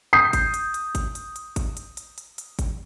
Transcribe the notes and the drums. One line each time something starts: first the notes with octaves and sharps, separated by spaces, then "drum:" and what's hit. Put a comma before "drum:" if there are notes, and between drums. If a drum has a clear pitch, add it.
D#6 G6 C7
drum: kick G#1, hi-hat
drum: hi-hat
drum: hi-hat
drum: kick G#1, hi-hat
drum: hi-hat
drum: hi-hat
drum: kick G#1, hi-hat
drum: hi-hat
drum: hi-hat
drum: hi-hat
drum: hi-hat
drum: kick G#1, hi-hat